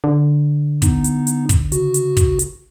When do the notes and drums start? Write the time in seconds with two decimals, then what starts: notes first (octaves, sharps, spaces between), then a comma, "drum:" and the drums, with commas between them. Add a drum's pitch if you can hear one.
0.04 D3
0.82 B3 D#4, drum: kick, hi-hat
1.04 drum: hi-hat
1.27 drum: hi-hat
1.49 drum: kick, hi-hat
1.72 C#3 F#4, drum: hi-hat
1.94 drum: hi-hat
2.17 drum: kick, hi-hat
2.39 drum: hi-hat